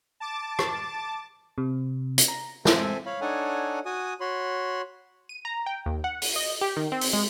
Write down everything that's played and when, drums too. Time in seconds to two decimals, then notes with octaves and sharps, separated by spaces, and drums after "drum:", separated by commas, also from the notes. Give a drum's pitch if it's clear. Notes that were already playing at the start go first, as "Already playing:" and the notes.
0.20 A5 D6 A6
0.59 drum: rim click
1.58 C3
2.18 drum: hi-hat
2.28 A#5
2.65 C4 A4 C5 E5 G#5, drum: snare
3.06 C#5 F5 B5
3.21 D4 D#4 A4 C#5 F#5 G#5
3.85 F#4 G#5 D#6
4.20 F#4 C#5 B5 C6
5.29 D#7
5.45 A#5
5.66 G5
5.86 D#2
6.04 F#5
6.22 D#7, drum: open hi-hat
6.36 D#5
6.61 G4
6.76 D#3
6.92 C4
7.01 drum: open hi-hat
7.13 G#3